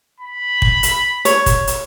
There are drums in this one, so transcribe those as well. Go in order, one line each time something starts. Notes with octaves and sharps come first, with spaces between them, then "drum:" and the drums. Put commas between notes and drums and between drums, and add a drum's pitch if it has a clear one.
B5
drum: kick
drum: hi-hat
C#5, drum: hi-hat
drum: kick, hi-hat
drum: hi-hat